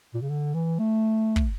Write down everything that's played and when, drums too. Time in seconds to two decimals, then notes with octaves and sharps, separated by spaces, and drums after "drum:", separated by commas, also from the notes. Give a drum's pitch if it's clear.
0.14 A#2
0.22 C#3
0.29 D3
0.54 E3
0.79 A3
1.36 drum: kick